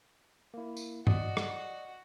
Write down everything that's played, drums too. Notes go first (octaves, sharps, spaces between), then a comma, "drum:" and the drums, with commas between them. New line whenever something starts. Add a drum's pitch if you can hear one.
A#3 E4
drum: tambourine
F#4 D5 D#5 D#6, drum: tom G2
drum: rim click